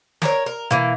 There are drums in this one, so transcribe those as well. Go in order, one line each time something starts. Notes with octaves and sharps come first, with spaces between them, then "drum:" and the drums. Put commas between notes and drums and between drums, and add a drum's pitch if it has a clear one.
A#4 C#5, drum: snare
A#4
E3 A#3, drum: tom B2